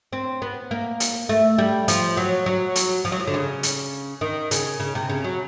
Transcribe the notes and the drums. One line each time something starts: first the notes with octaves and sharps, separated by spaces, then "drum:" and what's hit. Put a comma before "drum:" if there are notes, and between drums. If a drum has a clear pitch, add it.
C4
B3
A#3
drum: hi-hat
A3
G3
F3, drum: hi-hat
F#3
F#3
drum: hi-hat
F3
F#3
F3
D3
C#3
drum: hi-hat
D#3
C#3, drum: hi-hat
C#3
C3
C#3
F#3